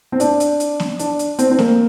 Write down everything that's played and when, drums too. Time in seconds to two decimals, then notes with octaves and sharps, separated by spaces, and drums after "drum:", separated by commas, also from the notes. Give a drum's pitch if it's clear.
0.12 C4
0.20 D4, drum: hi-hat
0.40 drum: hi-hat
0.60 drum: hi-hat
0.80 drum: snare B3
0.99 D4, drum: hi-hat
1.19 drum: hi-hat
1.39 C4, drum: hi-hat
1.51 C4
1.59 A#3, drum: snare B3